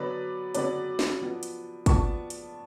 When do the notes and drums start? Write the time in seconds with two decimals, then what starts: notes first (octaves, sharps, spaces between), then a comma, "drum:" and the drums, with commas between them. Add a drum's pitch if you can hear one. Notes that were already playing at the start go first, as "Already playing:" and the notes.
Already playing: D3 F#3 B3 B4 D5
0.55 D3 F#3 B3 B4 D5, drum: hi-hat
0.99 drum: snare
1.21 F3 B3 D4
1.43 drum: hi-hat
1.86 F3 B3 D4 A5 C#6, drum: kick, hi-hat
2.30 drum: hi-hat